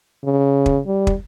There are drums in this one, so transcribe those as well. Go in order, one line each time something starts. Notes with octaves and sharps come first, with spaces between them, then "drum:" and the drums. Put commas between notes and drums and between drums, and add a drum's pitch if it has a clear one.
C#3
drum: kick
G3
drum: kick